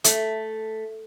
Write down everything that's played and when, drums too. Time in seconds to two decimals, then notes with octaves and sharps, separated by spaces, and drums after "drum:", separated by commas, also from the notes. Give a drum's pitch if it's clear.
0.04 A3, drum: hi-hat